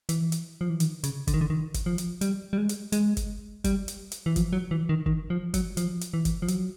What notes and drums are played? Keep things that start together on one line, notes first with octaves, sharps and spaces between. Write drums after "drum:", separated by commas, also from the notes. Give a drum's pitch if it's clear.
E3, drum: hi-hat
drum: hi-hat
F3
E3
D#3, drum: hi-hat
C#3, drum: hi-hat
D3, drum: kick, hi-hat
D#3
D3
D#3
drum: kick, hi-hat
F3
drum: hi-hat
G3, drum: hi-hat
G3
G#3
drum: hi-hat
G#3, drum: hi-hat
drum: kick, hi-hat
G3, drum: kick, hi-hat
drum: hi-hat
drum: hi-hat
E3
F3, drum: kick, hi-hat
F#3
E3
D#3
D#3, drum: kick
F3
F#3, drum: kick, hi-hat
F3, drum: hi-hat
drum: hi-hat
E3
drum: kick, hi-hat
F3
F#3, drum: hi-hat